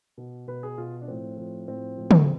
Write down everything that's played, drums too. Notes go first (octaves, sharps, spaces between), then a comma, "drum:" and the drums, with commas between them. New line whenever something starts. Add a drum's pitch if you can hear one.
B2
B2 B4
G#4
B2 F4
D4
A2 F3 C4
A2 F3
A2 F3 C4
A2 F3
drum: tom